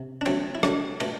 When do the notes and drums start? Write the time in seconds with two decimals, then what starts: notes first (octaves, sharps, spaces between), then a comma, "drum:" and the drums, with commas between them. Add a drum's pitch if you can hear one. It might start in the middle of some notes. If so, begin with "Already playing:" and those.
Already playing: C3
0.21 D4
0.26 D3 F#3 A3 C4, drum: cymbal
0.55 E4
0.63 D3 F#3 A3 D4, drum: rim click
1.00 B2 A3, drum: cymbal